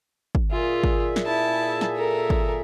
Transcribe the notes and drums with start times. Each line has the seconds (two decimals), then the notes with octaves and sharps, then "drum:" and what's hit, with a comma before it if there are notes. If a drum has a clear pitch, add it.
0.35 drum: kick
0.51 A#2 F4 G#4 E5
0.84 drum: kick
1.16 drum: snare
1.26 E4 A5
1.81 drum: snare
1.96 A4 A#4
2.30 drum: kick